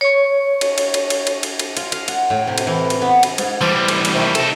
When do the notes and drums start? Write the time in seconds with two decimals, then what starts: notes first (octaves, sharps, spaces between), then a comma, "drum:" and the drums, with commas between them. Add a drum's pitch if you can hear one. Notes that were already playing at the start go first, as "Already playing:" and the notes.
0.01 C#5 C#6
0.61 drum: cymbal
0.78 drum: cymbal
0.94 drum: cymbal
1.10 drum: cymbal
1.27 drum: cymbal
1.43 drum: cymbal
1.59 drum: cymbal
1.77 F4, drum: cymbal
1.92 F5, drum: cymbal
2.08 F#5, drum: cymbal
2.30 A2
2.47 C3
2.58 drum: cymbal
2.67 E3
2.90 drum: cymbal
3.02 B3
3.23 drum: cymbal
3.38 G#2, drum: cymbal
3.61 E3 G3 A4 C5 F5
3.88 drum: cymbal
4.05 drum: cymbal
4.14 C3 D#3 A3
4.35 D#4 A4, drum: cymbal